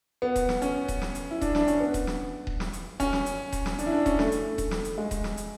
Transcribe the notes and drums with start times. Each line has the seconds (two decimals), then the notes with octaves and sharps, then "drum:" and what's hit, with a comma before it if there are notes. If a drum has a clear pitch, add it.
0.22 B3
0.36 drum: kick D#1, hi-hat
0.49 drum: snare
0.62 C#4, drum: hi-hat
0.88 drum: kick D#1, hi-hat
1.02 drum: snare
1.15 drum: hi-hat
1.31 E4
1.41 D4, drum: kick D#1, hi-hat
1.55 D4, drum: snare
1.67 C#4, drum: hi-hat
1.80 B3
1.94 drum: kick D#1, hi-hat
2.07 drum: snare
2.47 drum: kick D#1
2.60 drum: snare
2.73 drum: hi-hat
3.00 C#4, drum: kick D#1, hi-hat
3.13 drum: snare
3.26 drum: hi-hat
3.52 drum: kick D#1, hi-hat
3.66 drum: snare
3.79 D4, drum: hi-hat
3.86 E4
3.92 D4
4.06 C#4, drum: kick D#1, hi-hat
4.19 A3, drum: snare
4.32 drum: hi-hat
4.58 drum: kick D#1, hi-hat
4.71 drum: snare
4.84 drum: hi-hat
4.98 G#3
5.11 drum: kick D#1, hi-hat
5.24 drum: snare
5.37 drum: hi-hat